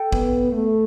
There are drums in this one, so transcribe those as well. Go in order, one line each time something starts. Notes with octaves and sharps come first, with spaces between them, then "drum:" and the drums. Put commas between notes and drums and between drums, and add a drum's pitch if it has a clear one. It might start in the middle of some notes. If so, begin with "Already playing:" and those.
Already playing: A4 G5
B3, drum: kick
A3